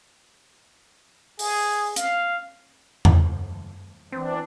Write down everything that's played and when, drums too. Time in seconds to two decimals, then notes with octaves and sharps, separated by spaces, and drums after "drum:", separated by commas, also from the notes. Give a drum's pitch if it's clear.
1.39 G#4, drum: open hi-hat
1.96 F5, drum: hi-hat
3.05 drum: tom E2
4.12 E3 C4 D4